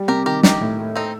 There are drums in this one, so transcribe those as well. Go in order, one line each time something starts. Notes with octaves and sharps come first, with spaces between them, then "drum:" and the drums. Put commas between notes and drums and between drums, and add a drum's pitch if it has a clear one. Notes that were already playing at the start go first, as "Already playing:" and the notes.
Already playing: G3
C3 G4 A#4
D#3 G4 A#4
D#4 G4 A#4, drum: snare
A2
A3
C4 D#4 A4